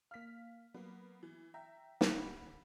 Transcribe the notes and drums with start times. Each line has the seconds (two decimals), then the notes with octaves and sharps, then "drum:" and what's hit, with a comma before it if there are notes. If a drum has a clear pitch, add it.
0.11 A#3 F5 F6 B6
0.74 F#3 A#3 B3
1.23 E3
1.54 E5 G5 A#5
2.01 drum: snare
2.16 D3 G3 F#5 G5 B5